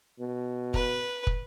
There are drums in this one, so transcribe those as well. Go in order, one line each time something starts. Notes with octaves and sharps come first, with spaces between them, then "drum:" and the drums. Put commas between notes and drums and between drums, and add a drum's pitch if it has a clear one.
B2
B4, drum: kick
drum: kick